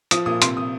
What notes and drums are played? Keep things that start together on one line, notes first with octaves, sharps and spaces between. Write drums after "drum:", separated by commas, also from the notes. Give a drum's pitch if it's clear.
F3 D#6, drum: hi-hat
A#2 D#6
C3 C6, drum: hi-hat
D#6